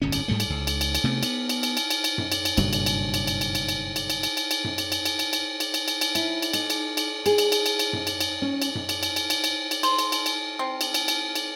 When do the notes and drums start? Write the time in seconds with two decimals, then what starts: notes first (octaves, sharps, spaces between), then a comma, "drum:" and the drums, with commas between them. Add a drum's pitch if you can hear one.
0.02 D1 G1 F2 C#4
0.12 drum: cymbal
0.28 G#2 G3 A3
0.40 drum: cymbal
0.50 C#2
0.67 drum: cymbal
0.81 drum: cymbal
0.95 drum: cymbal
1.04 C3 A3 B3
1.23 B3, drum: cymbal
1.49 drum: cymbal
1.63 drum: cymbal
1.77 drum: cymbal
1.90 drum: cymbal
2.04 drum: cymbal
2.18 drum: tom F#2
2.32 drum: cymbal
2.45 drum: cymbal
2.57 F#1 G2 B2 F#3, drum: cymbal
2.73 drum: cymbal
2.86 drum: cymbal
3.14 drum: cymbal
3.27 drum: cymbal
3.41 drum: cymbal
3.55 drum: cymbal
3.69 drum: cymbal
3.96 drum: cymbal
4.10 drum: cymbal
4.23 drum: cymbal
4.37 drum: cymbal
4.51 drum: cymbal
4.64 drum: tom F#2
4.78 drum: cymbal
4.92 drum: cymbal
5.05 drum: cymbal
5.19 drum: cymbal
5.33 drum: cymbal
5.60 drum: cymbal
5.74 drum: cymbal
5.88 drum: cymbal
6.01 drum: cymbal
6.15 E4, drum: cymbal
6.42 drum: cymbal
6.53 D#4, drum: cymbal
6.70 drum: cymbal
6.97 drum: cymbal
7.26 G#4, drum: cymbal
7.38 drum: cymbal
7.52 drum: cymbal
7.66 drum: cymbal
7.79 drum: cymbal
7.93 drum: tom F#2
8.07 drum: cymbal
8.20 drum: cymbal
8.42 C#4
8.62 drum: cymbal
8.75 drum: tom F#2
8.89 drum: cymbal
9.03 drum: cymbal
9.16 drum: cymbal
9.30 drum: cymbal
9.44 drum: cymbal
9.71 drum: cymbal
9.83 C5, drum: cymbal
9.99 drum: cymbal
10.12 drum: cymbal
10.26 drum: cymbal
10.59 C4
10.81 drum: cymbal
10.94 drum: cymbal
11.08 drum: cymbal
11.35 drum: cymbal